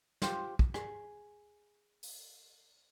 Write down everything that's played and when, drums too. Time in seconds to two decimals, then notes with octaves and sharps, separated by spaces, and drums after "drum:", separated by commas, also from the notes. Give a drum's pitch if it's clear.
0.22 F4 G4 C5, drum: snare
0.59 drum: kick
0.74 G#4, drum: rim click
2.03 drum: open hi-hat